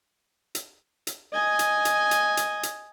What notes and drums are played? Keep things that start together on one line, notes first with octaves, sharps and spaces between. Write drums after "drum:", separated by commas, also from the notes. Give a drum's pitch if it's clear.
drum: hi-hat
drum: hi-hat
D#5 G#5
drum: hi-hat
drum: hi-hat
drum: hi-hat
drum: hi-hat
drum: hi-hat